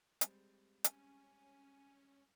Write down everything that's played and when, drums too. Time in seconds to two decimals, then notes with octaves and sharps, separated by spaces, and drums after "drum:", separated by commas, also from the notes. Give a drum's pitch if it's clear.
0.21 G3 G#3 C4, drum: hi-hat
0.84 C#4 G#5, drum: hi-hat